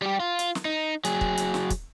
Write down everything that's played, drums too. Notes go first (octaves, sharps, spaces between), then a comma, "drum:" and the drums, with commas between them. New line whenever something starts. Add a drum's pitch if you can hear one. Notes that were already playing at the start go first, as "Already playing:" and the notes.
G3 G4
F4
drum: hi-hat
drum: snare
D#4
F#3 G#4, drum: hi-hat
drum: kick
drum: hi-hat
drum: snare
drum: kick, hi-hat